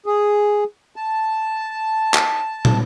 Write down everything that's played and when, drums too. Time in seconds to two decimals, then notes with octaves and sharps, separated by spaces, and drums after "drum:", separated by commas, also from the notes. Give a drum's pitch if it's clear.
0.06 G#4
0.96 A5
2.14 drum: clap
2.65 drum: tom